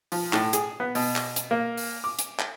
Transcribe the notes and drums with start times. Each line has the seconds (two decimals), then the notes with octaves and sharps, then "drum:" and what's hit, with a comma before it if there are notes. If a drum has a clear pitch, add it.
0.12 F3, drum: open hi-hat
0.33 A2, drum: clap
0.53 G#4, drum: hi-hat
0.80 B3
0.95 B2, drum: open hi-hat
1.16 drum: clap
1.36 drum: hi-hat
1.51 A#3
1.77 drum: open hi-hat
2.04 D6
2.19 drum: hi-hat
2.39 drum: clap